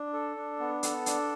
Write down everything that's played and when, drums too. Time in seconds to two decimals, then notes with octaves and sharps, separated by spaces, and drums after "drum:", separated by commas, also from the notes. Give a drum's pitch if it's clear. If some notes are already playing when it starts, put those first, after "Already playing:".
Already playing: D4
0.13 A4
0.36 D4
0.60 B3
0.83 A4, drum: hi-hat
1.06 D4, drum: hi-hat